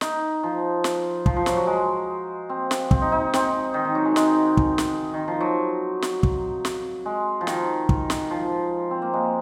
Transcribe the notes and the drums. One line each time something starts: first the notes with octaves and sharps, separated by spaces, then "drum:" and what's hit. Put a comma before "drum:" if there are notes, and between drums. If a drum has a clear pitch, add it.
D#4, drum: snare
F3
drum: snare
F3, drum: kick
F3
F#3, drum: snare
F#3
G#3
C4
drum: snare
C4, drum: kick
D#4
D#4
C4, drum: snare
D#3
D#3
F#3
G#3
G#3, drum: snare
drum: kick
drum: snare
D#3
F3
F#3
drum: snare
drum: kick
drum: snare
G#3
F3
D#3, drum: snare
drum: kick
drum: snare
F3
C4
A#3
G#3